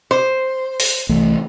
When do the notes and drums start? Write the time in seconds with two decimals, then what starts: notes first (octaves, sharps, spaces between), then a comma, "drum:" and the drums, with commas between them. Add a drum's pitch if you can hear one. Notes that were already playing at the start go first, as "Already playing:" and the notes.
0.11 C5
0.80 drum: open hi-hat
1.09 C2 E3 A3